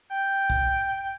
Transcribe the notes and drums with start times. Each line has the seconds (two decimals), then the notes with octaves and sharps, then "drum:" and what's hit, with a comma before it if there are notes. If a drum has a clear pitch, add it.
0.11 G5
0.50 drum: kick